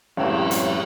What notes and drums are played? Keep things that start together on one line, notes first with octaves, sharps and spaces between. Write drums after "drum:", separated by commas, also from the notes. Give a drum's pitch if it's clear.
F#2 A2 E3 G#3 C4 E4, drum: cymbal
drum: hi-hat